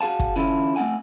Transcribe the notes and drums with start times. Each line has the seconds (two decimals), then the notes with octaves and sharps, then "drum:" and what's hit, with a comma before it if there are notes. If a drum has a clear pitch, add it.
0.01 F#4 G#4 F5 A5
0.19 drum: kick
0.35 D3 E3 C#4 E4 F4 A4
0.76 A3 C4 C#4 F#5 G#5